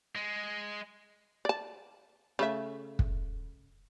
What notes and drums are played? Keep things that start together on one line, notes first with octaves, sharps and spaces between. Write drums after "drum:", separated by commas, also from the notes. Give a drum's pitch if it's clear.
G#3
D5 A5
C#3 A3 E5
drum: kick